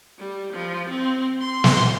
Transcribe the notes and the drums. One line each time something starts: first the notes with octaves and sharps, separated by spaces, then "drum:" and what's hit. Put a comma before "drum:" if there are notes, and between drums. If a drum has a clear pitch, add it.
G3
F3
C4
C6
drum: snare